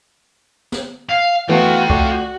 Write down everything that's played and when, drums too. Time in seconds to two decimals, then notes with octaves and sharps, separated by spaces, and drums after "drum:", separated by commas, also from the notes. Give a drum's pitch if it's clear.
0.72 drum: snare
1.09 F5
1.49 E3 A3 B3 F4 F#4 G5
1.90 A3 F#4 D5 C#6, drum: kick C2